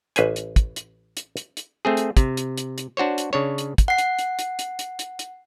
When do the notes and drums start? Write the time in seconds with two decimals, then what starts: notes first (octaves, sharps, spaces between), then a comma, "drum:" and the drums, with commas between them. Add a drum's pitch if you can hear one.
0.16 A1 B4 C5 G#5, drum: hi-hat
0.36 drum: hi-hat
0.56 drum: kick, hi-hat
0.76 drum: hi-hat
1.17 drum: hi-hat
1.37 drum: hi-hat
1.57 drum: hi-hat
1.85 A3 C4 G#4
1.97 drum: hi-hat
2.17 C3, drum: kick, hi-hat
2.37 drum: hi-hat
2.58 drum: hi-hat
2.78 drum: hi-hat
2.97 D4 F#4 C5 C#5
3.18 drum: hi-hat
3.33 C#3 D4 C#5
3.58 drum: hi-hat
3.78 drum: kick, hi-hat
3.88 F#5 C7
3.98 drum: hi-hat
4.19 drum: hi-hat
4.39 drum: hi-hat
4.59 drum: hi-hat
4.79 drum: hi-hat
4.99 drum: hi-hat
5.19 drum: hi-hat